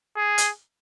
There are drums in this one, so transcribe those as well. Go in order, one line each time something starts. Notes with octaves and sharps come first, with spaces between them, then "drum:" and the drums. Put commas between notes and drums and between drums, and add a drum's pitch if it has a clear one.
G#4
drum: hi-hat